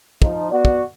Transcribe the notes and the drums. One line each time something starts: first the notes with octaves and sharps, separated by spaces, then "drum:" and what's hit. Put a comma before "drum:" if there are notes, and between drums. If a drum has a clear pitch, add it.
F3 D#4, drum: kick
B3 F#4 D5
drum: kick